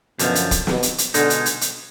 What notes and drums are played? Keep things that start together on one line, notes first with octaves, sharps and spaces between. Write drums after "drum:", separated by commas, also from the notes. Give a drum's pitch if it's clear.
F#2 B2 D3 F3, drum: hi-hat
drum: hi-hat
drum: kick, hi-hat
B2, drum: snare
drum: hi-hat
drum: hi-hat
B2 D3 G#3 D#4, drum: hi-hat
drum: hi-hat
drum: hi-hat
drum: hi-hat